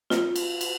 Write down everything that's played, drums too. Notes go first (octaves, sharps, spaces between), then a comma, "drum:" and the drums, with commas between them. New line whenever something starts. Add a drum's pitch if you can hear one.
F4, drum: snare
drum: cymbal
drum: cymbal